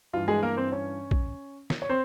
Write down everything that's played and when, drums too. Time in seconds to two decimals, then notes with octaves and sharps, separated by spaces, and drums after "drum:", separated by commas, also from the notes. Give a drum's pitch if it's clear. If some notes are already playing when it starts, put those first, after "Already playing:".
0.13 G2 E3 F4
0.28 G#3 G#4
0.43 A#3 A#4
0.57 C4 C5
0.72 C#4 C#5
1.11 drum: kick
1.70 drum: snare
1.82 C#5
1.89 C4 C5